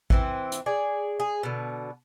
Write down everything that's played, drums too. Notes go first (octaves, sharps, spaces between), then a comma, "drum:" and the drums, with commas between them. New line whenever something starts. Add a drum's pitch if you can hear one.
E3 C4, drum: kick
drum: hi-hat
G#4 D5
G#4
B2 D3